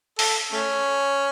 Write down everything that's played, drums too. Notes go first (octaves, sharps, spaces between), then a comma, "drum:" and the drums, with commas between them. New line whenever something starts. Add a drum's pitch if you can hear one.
A4, drum: open hi-hat
A3 C#4